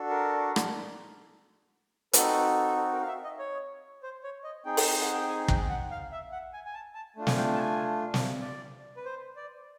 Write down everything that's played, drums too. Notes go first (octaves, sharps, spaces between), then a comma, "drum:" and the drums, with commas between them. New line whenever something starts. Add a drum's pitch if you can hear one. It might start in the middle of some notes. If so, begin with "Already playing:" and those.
Already playing: D4 F#4 A4
A#4
drum: rim click
C4 D#4 F#4 A4 B4, drum: hi-hat
A4
A#4
F5
E5
D#5
C#5
C5
C#5
D#5
C4 D#4 G#4 G5
drum: open hi-hat
F#5
G5
G#5
G5, drum: kick
F#5
F5
E5
F#5
G#5
G#5
A5
A5
A3 D4 F4
G#5, drum: snare
G5
A5
G#5
drum: snare
D5
B4
C5
D5